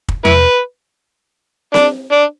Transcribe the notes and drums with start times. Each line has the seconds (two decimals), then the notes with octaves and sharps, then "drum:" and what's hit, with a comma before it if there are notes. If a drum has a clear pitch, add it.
0.09 drum: kick
0.25 E4 B4, drum: tom E2
1.74 D4, drum: snare C4
2.12 D4